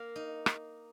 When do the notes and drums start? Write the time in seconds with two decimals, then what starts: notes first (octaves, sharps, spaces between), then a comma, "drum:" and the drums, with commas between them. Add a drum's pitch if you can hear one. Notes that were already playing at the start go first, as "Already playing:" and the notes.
Already playing: A#3 F5
0.16 D#4
0.46 drum: rim click